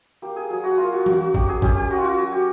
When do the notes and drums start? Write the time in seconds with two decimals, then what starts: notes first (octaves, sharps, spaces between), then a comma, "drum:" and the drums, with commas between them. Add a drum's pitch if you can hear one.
0.22 A#3 G4
0.36 G#4
0.50 F#3 G#4
0.64 F#4
0.78 A#3 F4
0.92 F#4
1.06 C#4 F#4, drum: tom E3
1.20 F#4
1.34 F#3 G4, drum: kick
1.49 G#4
1.62 C#4 G4, drum: kick
1.76 G4
1.90 C#4 F#4
1.98 F4
2.04 F#4
2.18 F#3
2.32 G4